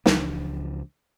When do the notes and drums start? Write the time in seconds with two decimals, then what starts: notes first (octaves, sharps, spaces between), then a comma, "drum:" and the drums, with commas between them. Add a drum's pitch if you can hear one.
0.06 C#2 E3 F3 D4, drum: snare